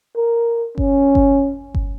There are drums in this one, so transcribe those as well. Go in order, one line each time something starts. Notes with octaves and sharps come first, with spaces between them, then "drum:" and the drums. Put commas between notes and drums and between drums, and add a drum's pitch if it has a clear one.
A#4
C#4, drum: kick G1
drum: kick G1
drum: kick G1